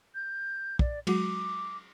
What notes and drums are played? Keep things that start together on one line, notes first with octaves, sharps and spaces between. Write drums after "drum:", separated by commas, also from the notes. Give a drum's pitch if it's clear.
G6
D5, drum: kick
F#3 G#3 F#4 D6, drum: cymbal